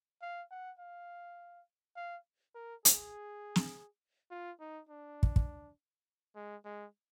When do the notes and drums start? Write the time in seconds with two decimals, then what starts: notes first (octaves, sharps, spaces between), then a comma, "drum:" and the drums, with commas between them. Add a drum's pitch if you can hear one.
0.22 F5
0.51 F#5
0.79 F5
1.96 F5
2.55 A#4
2.85 G#4, drum: hi-hat
3.56 drum: snare
4.31 F4
4.60 D#4
4.89 D4
5.23 drum: kick
5.36 drum: kick
6.36 G#3
6.65 G#3